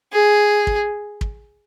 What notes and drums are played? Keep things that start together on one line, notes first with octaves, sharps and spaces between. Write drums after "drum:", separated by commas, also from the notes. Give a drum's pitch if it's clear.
G#4
drum: kick
drum: kick